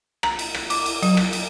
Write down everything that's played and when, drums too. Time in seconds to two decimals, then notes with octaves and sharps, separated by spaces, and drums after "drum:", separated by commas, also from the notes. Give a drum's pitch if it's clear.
0.23 A#5, drum: rim click
0.39 drum: cymbal
0.54 drum: rim click
0.70 D6, drum: cymbal
0.86 drum: cymbal
1.03 F#3, drum: cymbal
1.17 drum: rim click
1.33 drum: cymbal